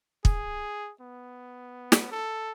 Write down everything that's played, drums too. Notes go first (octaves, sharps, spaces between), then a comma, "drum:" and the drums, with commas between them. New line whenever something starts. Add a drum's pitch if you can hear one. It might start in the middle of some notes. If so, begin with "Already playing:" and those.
G#4, drum: kick
B3
drum: snare
A4